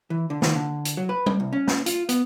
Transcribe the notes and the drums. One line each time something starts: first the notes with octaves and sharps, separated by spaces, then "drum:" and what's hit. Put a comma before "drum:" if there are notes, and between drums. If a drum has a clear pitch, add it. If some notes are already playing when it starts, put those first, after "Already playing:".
E3
D3
D#3, drum: snare
D3
drum: hi-hat
F#3
B4
drum: tom G3
C2
C#4
drum: snare
F4, drum: hi-hat
B3, drum: hi-hat